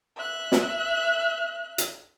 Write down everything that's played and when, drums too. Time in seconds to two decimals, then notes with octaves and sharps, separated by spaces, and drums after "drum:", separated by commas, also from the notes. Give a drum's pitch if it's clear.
0.16 E5 F#6
0.52 drum: snare
1.78 drum: hi-hat